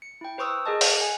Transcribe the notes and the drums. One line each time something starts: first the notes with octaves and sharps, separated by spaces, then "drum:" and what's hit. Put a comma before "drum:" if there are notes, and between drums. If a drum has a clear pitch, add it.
C#7
E4 G5
B4 C5 C#6 D#6 E6
G#4 A#4 D#5 A5
F#5, drum: open hi-hat
F#5 G#5